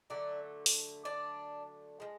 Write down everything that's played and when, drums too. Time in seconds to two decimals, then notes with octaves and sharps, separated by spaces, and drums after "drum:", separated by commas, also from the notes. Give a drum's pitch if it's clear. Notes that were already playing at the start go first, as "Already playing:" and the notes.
0.10 D3 F#3 A3 D4 D5
0.66 drum: open hi-hat
1.05 D4 D5
2.00 F3 G#3